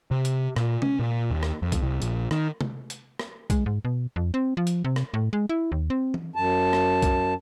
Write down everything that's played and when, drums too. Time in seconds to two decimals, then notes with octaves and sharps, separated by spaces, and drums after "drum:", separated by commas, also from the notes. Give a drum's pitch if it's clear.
0.11 C3
0.25 drum: hi-hat
0.56 A#2, drum: rim click
0.82 C#4, drum: tom C3
0.99 A#2
1.31 D#2
1.43 drum: rim click
1.62 F2
1.72 drum: kick B1, hi-hat
1.82 C2
2.02 A#1, drum: hi-hat
2.31 D#3, drum: rim click
2.61 drum: tom C3
2.90 drum: hi-hat
3.19 drum: rim click
3.50 G#3, drum: kick B1, hi-hat
3.66 G#2
3.85 B2
4.16 F2
4.34 C4
4.57 F3
4.67 drum: hi-hat
4.84 C3
4.96 drum: rim click
5.14 A2
5.33 G#3
5.49 E4
5.72 D#2
5.90 C4
6.14 drum: tom E3
6.36 F#2 A5
6.73 drum: rim click
7.02 drum: kick B1, hi-hat